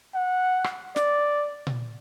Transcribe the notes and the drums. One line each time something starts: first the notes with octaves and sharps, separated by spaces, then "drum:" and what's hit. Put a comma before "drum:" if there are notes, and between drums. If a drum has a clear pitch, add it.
F#5
drum: rim click
D5, drum: snare
drum: tom A#2